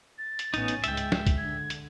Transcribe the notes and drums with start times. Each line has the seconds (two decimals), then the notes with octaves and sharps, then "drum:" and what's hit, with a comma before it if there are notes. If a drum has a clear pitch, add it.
0.18 A6
0.39 drum: hi-hat
0.54 A1 A2 B3 C#4 D#4, drum: hi-hat
0.68 drum: hi-hat
0.84 C#2 G#2 G#3 E5 G5, drum: hi-hat
0.97 drum: hi-hat
1.12 drum: snare
1.27 drum: kick, hi-hat
1.37 D3 G#6
1.70 drum: hi-hat